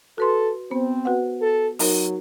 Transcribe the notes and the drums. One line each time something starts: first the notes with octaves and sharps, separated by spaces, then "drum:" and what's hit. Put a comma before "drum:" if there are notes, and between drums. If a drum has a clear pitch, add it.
F#4 A4 B4 C6
B3 C4 C5
F#4 B4 F#5
A4
F#3 D#4 F#4 A#4, drum: open hi-hat